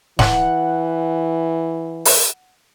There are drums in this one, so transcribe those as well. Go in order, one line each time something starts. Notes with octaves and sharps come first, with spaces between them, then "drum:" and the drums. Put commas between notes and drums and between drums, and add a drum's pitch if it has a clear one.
E3 F#5, drum: snare
drum: open hi-hat